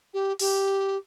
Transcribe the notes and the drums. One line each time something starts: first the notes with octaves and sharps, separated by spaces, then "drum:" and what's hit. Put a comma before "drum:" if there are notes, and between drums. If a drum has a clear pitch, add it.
G4
G4, drum: open hi-hat